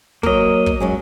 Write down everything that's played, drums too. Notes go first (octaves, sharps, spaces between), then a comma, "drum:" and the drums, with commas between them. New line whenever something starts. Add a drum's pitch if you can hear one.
F#3 A#3 A#4 D#5, drum: kick
drum: kick
F#2 F#3 G#3